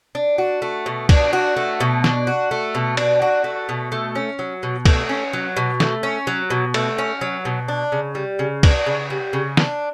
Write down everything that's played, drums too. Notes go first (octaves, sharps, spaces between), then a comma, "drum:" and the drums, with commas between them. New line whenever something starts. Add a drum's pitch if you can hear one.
D4
F#4
A3
B2
D4, drum: kick C2, cymbal
F#4
A3
B2
D4, drum: snare
F#4
A3
B2
D4, drum: cymbal
F#4
A3
B2
A3
C#4
F#3
B2
A3, drum: kick C2, cymbal
C#4
F#3
B2
A3, drum: snare
C#4
F#3
B2
A3, drum: cymbal
C#4
F#3
B2
D4
C#3
G3
C#3
D4, drum: kick C2, cymbal
C#3
G3
C#3
D4, drum: snare